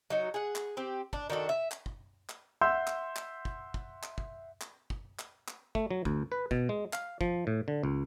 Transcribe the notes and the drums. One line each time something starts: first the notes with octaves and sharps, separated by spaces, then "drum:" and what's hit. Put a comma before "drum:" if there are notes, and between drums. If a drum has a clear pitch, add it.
F#3 D#4 F#4
G#4 F#5
drum: clap
C4 G4
D4, drum: kick
D#3 D4 F#4 A4
E5
drum: clap
drum: kick
drum: clap
E5 F#5 C6 E6 G6
drum: clap
drum: clap
drum: kick
drum: kick
drum: clap
drum: kick
drum: clap
drum: kick
drum: clap
drum: clap
A3, drum: kick
F#3
D2, drum: kick
B4
B2, drum: kick
G#3
F5, drum: clap
F3, drum: kick
A2
D3
C#2